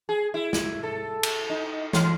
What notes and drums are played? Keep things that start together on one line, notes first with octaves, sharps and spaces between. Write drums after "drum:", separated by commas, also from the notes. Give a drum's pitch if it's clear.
G#4
E4
drum: snare
A4
drum: cymbal
D#4
E3, drum: snare